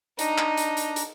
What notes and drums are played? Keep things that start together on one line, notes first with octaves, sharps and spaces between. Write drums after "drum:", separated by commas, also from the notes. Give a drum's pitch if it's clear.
D4 D#4 A#5, drum: hi-hat
drum: clap
drum: hi-hat
drum: hi-hat
drum: hi-hat